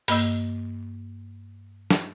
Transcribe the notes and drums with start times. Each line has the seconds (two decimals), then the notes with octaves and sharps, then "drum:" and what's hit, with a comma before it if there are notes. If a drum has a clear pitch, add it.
0.08 G2 A#3 D#5 E6, drum: open hi-hat
1.91 drum: snare